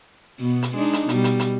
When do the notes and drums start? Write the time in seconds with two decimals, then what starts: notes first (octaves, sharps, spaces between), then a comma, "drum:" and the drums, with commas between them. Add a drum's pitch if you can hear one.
0.40 B2 B3
0.62 drum: hi-hat
0.76 G#3 D4 D#4
0.93 drum: hi-hat
1.09 B2 G3, drum: hi-hat
1.24 drum: hi-hat
1.39 drum: hi-hat